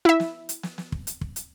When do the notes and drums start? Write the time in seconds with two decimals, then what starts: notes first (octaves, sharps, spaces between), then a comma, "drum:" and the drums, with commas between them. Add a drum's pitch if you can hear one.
0.05 E4 E5
0.20 drum: snare
0.49 drum: hi-hat
0.63 drum: snare
0.78 drum: snare
0.92 drum: kick
1.07 drum: hi-hat
1.21 drum: kick
1.36 drum: hi-hat